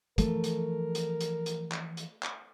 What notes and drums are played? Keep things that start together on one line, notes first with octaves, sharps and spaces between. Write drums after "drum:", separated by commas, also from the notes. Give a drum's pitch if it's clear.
E3 F3 A3 A#4, drum: kick, hi-hat
drum: hi-hat
drum: hi-hat
drum: hi-hat
drum: hi-hat
drum: clap
drum: hi-hat
drum: clap